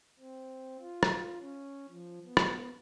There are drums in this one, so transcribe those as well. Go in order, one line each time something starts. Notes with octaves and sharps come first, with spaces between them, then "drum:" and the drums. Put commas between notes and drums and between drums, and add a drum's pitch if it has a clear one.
C4
F4
drum: rim click
C#4
F3
B3
drum: rim click